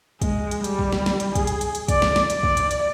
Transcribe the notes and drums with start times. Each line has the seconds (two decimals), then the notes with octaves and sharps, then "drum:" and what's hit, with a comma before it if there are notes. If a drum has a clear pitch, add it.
0.22 G#3, drum: kick, hi-hat
0.51 drum: hi-hat
0.64 G3, drum: hi-hat
0.79 drum: kick
0.92 drum: snare
1.06 drum: snare
1.20 drum: hi-hat
1.35 G#4, drum: kick, hi-hat
1.47 drum: hi-hat
1.61 drum: hi-hat
1.75 drum: hi-hat
1.88 D5, drum: kick, hi-hat
2.02 drum: snare
2.16 drum: snare
2.30 D5, drum: hi-hat
2.43 drum: kick
2.57 drum: hi-hat
2.71 drum: hi-hat